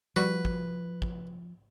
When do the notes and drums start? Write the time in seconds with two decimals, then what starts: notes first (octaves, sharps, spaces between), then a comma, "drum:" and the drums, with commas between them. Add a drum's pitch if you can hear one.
0.16 F3 G3 F#4 B4
0.45 drum: kick
1.02 drum: kick